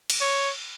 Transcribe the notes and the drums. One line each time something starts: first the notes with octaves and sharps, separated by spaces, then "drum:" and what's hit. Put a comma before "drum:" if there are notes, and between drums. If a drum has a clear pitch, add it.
drum: cymbal
C#5